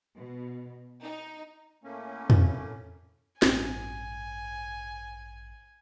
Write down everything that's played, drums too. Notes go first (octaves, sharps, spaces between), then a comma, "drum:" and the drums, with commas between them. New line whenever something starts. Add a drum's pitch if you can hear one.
B2
D#4
A2 A3 A#3 C#4
drum: tom
A1 G2 G#5, drum: snare